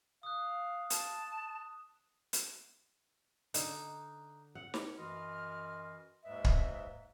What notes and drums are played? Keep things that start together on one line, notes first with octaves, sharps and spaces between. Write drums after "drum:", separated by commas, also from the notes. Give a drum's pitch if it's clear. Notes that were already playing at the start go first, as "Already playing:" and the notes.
F5 D#6 F#6
A5, drum: hi-hat
drum: hi-hat
D3 D#4, drum: hi-hat
F#5
drum: snare
F#2 E3 F#4 D#5 C6 F6
D#2 G#2 G#3 B4 D#5 E5
drum: kick